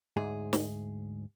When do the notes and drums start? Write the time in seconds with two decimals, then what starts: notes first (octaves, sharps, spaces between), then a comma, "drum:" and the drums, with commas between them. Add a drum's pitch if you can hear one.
0.17 D2 G#2 G#4
0.53 drum: snare